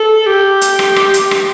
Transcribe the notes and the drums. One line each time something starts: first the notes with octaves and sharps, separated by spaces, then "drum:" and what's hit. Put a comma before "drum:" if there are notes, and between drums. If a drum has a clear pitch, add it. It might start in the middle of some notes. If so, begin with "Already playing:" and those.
Already playing: A4
G4
drum: hi-hat
drum: rim click
drum: rim click
drum: hi-hat
drum: rim click